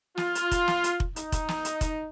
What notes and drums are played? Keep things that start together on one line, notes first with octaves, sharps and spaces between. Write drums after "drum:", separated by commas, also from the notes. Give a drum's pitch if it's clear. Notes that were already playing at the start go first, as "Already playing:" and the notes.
F4, drum: snare
drum: hi-hat
drum: kick F1, hi-hat
drum: snare
drum: hi-hat
drum: kick F1
D#4, drum: hi-hat
drum: kick F1, hi-hat
drum: snare
drum: hi-hat
drum: kick F1, hi-hat